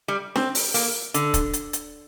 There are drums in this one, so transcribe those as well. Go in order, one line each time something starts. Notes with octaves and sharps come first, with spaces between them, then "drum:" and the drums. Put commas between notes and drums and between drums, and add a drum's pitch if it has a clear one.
G3
C4, drum: snare D4
drum: open hi-hat
A#3, drum: open hi-hat
D3, drum: hi-hat
drum: kick, hi-hat
drum: hi-hat
drum: hi-hat